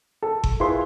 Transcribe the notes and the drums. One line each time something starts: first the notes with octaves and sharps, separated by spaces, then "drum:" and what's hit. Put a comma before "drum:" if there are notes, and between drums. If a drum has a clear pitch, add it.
A4
drum: kick G1
E4 F4 G#4 B4 C6